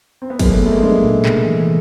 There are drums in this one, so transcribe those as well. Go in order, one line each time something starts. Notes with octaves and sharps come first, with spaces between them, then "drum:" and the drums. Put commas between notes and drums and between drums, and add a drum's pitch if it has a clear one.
C4
B3
F#3 G#3 A#3, drum: kick, cymbal
A3 B3
G#3 A#3 B3
A3
G#3 A#3
G#3 A#3 D4
A#2
C3, drum: clap
E3